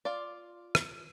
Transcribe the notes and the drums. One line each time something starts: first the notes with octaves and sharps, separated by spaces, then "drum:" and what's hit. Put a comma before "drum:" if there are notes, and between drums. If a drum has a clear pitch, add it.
F4 D5
drum: rim click